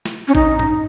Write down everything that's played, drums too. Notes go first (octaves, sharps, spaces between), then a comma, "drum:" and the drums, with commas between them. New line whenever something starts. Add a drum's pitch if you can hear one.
drum: snare
C#4
D#4, drum: kick A1
drum: tom G2